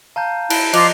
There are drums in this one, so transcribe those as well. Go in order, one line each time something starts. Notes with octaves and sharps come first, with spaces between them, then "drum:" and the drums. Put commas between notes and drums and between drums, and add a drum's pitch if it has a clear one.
F5 A5 A#5 G6
E4 A5 F#6 D7 G7, drum: cymbal
F3 F4 D#5 D6 F#6 F7 G7, drum: cymbal